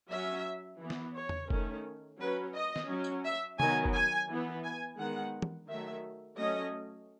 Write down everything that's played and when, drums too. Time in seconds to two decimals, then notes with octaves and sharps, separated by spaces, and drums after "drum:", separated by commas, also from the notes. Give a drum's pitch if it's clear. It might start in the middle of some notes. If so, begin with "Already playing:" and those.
0.11 F#3 C#4 E5
0.81 E3 B3
0.90 drum: snare
1.16 C#5
1.29 drum: tom E2
1.50 D#3 A3 C#4, drum: kick F1
2.20 F#3 C#4 B4
2.55 D#5
2.76 drum: snare
2.90 F#3 C#4
3.04 drum: tambourine
3.25 E5
3.60 D#3 F#3 B3 G#5, drum: tom C3
3.85 drum: kick F1
3.94 G#5
4.30 E3 B3
4.64 G#5
4.99 D#3 G#3 B3 F#5
5.42 drum: tom
5.69 D#3 F#3 A3 E5
6.38 F#3 A3 C#4 D#5